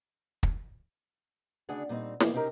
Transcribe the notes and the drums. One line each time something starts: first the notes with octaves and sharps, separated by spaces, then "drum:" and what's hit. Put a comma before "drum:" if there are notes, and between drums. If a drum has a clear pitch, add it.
drum: kick
D2 C#3 D4 G#4 F#5
A#2 G3 C4 D#4
B2 E3 F3 G3 A#3, drum: snare
C3 C4 C#4 D#4 G4 A#4